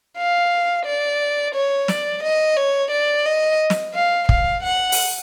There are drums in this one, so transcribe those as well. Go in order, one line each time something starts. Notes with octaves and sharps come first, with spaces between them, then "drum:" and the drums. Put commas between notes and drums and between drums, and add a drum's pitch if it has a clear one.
F5
D5
C#5
D5, drum: snare
D#5
C#5
D5
D#5
drum: snare
F5
F5, drum: kick
F#5
drum: open hi-hat